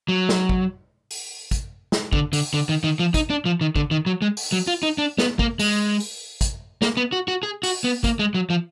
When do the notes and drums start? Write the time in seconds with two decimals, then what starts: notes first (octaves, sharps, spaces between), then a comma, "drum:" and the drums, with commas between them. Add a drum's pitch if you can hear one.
0.08 F#3
0.29 drum: snare
0.49 drum: kick
1.11 drum: open hi-hat
1.51 drum: kick, hi-hat
1.92 drum: snare
2.13 D3, drum: kick
2.33 D3, drum: open hi-hat
2.54 D3
2.69 D#3
2.84 D#3
2.99 F3
3.14 D#4, drum: kick, hi-hat
3.30 D4
3.45 F3
3.61 D#3
3.76 D3, drum: kick
3.91 D#3
4.06 F#3
4.22 G#3
4.37 drum: open hi-hat
4.52 F#3
4.67 F4
4.83 D#4
4.98 D4
5.18 B3, drum: snare
5.39 A#3, drum: kick
5.59 G#3, drum: open hi-hat
6.00 drum: open hi-hat
6.41 drum: kick, hi-hat
6.82 A#3, drum: snare
6.97 B3
7.12 F#4
7.28 F#4
7.43 G#4
7.63 F#4, drum: open hi-hat
7.84 B3
8.04 A#3, drum: kick, hi-hat
8.19 G#3
8.34 F#3
8.50 F3